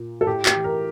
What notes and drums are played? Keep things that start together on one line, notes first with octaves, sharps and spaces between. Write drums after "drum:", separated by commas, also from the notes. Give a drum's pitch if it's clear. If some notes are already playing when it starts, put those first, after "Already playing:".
Already playing: A#2
A4
A2 G4
G4, drum: clap
E3
A#4